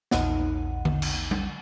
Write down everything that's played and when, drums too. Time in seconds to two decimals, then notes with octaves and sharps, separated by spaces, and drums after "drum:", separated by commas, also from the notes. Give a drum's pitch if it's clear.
0.11 A#1 E2 D#4 F#5, drum: snare
0.85 drum: tom D3
1.02 drum: cymbal
1.31 drum: tom G3